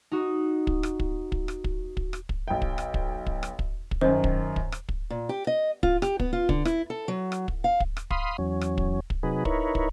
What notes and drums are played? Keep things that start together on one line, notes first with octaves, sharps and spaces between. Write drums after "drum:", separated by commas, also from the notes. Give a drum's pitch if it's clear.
D#4 F#4
drum: kick
drum: rim click
drum: kick
drum: kick
drum: rim click
drum: kick
drum: kick
drum: rim click
drum: kick
B1 G5
drum: kick
drum: rim click
drum: kick
drum: kick
drum: rim click
drum: kick
drum: kick
F#2 D#3 C5
drum: kick
drum: kick
drum: rim click
drum: kick
A#2
G4
D#5
F4, drum: kick
G4, drum: rim click
B3, drum: kick
F4
D3, drum: kick
E4, drum: rim click
A4
F#3
drum: rim click
drum: kick
F5
drum: kick
drum: rim click
F5 B5 C6 D#6, drum: kick
E2 F#3 C#4
drum: rim click
drum: kick
drum: kick
C3 F#3 D#4 G#4 B4
D#4 E4 A#4 B4 C#5, drum: kick
drum: kick